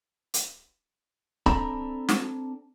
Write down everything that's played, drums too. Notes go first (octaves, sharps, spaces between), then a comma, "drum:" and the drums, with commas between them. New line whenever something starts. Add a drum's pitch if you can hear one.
drum: hi-hat
C4 D4 A4 A#5 B5, drum: kick C#1
drum: snare